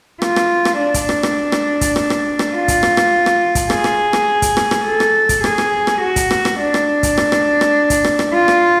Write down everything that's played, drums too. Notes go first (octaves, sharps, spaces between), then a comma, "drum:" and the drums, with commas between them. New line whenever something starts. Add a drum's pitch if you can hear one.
F4, drum: rim click
drum: rim click
drum: rim click
D4
drum: kick, hi-hat
drum: rim click
drum: rim click
drum: rim click
drum: kick, hi-hat
drum: rim click
drum: rim click
drum: rim click
F4
drum: kick, hi-hat
drum: rim click
drum: rim click
drum: rim click
drum: kick, hi-hat
G#4, drum: rim click
drum: rim click
drum: rim click
drum: kick, hi-hat
drum: rim click
drum: rim click
A4
drum: rim click
drum: kick, hi-hat
G#4, drum: rim click
drum: rim click
drum: rim click
F#4
drum: kick, hi-hat
drum: rim click
drum: rim click
D4
drum: rim click
drum: kick, hi-hat
drum: rim click
drum: rim click
drum: rim click
drum: kick, hi-hat
drum: rim click
drum: rim click
F4
drum: rim click